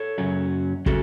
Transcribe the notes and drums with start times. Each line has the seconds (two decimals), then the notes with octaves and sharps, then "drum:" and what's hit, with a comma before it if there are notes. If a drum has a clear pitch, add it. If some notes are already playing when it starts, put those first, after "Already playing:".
Already playing: A4 C#5
0.18 F#2 C#3 F#3 C#4
0.86 C#3 F#3 C#4 F#4 A4, drum: kick